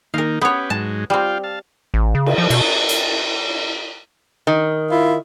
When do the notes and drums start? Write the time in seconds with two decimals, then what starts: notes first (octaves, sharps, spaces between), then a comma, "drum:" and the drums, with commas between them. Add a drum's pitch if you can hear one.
0.14 D#3 A#3 D#4 A#4 F5
0.41 B3 C#4 G4 B4 C#5
0.70 G#2 F#3 G#3 A5
1.10 G3 C4 F4 F5 G5
1.44 F5 A5
1.94 A1
2.15 C#3
2.26 drum: cymbal
2.38 F3
2.50 B2, drum: cymbal
2.89 drum: hi-hat
4.47 D#3
4.90 E4 F4 A#4